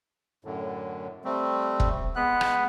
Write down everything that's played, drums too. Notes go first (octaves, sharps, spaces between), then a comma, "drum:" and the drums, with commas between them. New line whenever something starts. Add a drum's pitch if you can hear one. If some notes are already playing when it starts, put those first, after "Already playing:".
F#2 A2 D3
G3 A3 C4
drum: kick E1
G#3 B3 F#6
drum: rim click